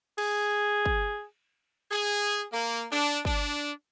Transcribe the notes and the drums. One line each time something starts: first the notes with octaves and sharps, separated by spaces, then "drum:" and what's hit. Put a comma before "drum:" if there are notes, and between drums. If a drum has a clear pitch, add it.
G#4, drum: cymbal
drum: kick
G#4
A#3
D4
D4, drum: kick